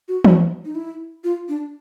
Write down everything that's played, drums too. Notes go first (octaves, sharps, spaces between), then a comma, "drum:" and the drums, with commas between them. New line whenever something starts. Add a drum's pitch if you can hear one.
F#4
F#4, drum: tom E3
D#4
E4
F4
D4